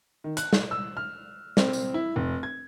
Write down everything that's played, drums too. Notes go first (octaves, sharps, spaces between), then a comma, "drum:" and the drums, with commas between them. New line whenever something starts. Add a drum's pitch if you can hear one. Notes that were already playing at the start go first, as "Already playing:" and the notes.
D#3
F#6, drum: hi-hat
drum: snare
E6
F6
C4, drum: snare
drum: tambourine
E4
F1
G#6